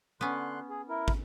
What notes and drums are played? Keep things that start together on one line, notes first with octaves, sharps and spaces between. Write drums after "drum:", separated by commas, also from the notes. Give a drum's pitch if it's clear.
D3 B3 C#4 C6 F#6
G#4
E4 A#4
drum: kick